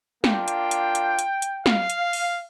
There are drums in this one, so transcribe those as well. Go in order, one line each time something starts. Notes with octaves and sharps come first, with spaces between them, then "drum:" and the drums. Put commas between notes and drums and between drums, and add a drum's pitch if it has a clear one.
A#3 D4 F4 G5, drum: snare
drum: hi-hat
drum: hi-hat
drum: hi-hat
drum: hi-hat
drum: hi-hat
F5, drum: snare
drum: hi-hat
drum: open hi-hat